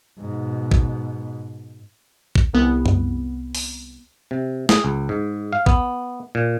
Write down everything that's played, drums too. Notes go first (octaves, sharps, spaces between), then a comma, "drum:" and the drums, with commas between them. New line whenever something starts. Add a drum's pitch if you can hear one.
G#2 B2
drum: kick
drum: kick
C2 B3
drum: tom F#2
drum: open hi-hat
C3
G#4, drum: snare
C#2
G#2
F5
B3, drum: kick
A#2